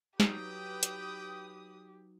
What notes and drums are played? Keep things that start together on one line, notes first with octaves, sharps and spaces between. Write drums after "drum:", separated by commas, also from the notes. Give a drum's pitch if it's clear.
F#3 D#4 G4 B4 G5 D#6, drum: snare
drum: hi-hat